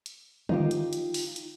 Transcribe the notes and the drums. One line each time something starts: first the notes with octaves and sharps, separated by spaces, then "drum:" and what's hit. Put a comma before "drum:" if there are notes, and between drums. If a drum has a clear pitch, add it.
drum: hi-hat
D#4 F4 G4, drum: tom D3
drum: hi-hat
drum: hi-hat
drum: open hi-hat
drum: hi-hat